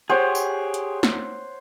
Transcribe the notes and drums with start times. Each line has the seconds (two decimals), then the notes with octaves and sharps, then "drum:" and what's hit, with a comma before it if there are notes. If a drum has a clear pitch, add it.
0.10 G4 G#4 C5 C#5 F#5
0.35 drum: tambourine
0.74 drum: hi-hat
1.03 drum: snare